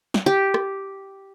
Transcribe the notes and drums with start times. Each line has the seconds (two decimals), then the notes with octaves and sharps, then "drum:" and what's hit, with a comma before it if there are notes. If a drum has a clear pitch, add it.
0.14 drum: snare
0.26 G4
0.54 drum: rim click